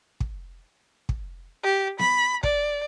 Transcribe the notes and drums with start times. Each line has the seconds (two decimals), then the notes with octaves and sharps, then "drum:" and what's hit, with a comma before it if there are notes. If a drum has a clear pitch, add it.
0.20 drum: kick
1.09 drum: kick
1.63 G4
1.99 B5, drum: snare B3
2.43 D5, drum: kick